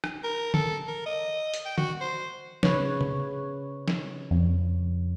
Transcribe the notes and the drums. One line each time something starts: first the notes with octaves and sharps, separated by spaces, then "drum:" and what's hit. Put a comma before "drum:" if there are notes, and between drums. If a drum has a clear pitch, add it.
drum: rim click
A#4
A4, drum: tom D3
A#4
D#5
drum: hi-hat
G5
F#4, drum: tom D3
C5
C#3 B4 C#5, drum: snare
drum: tom
drum: snare
F2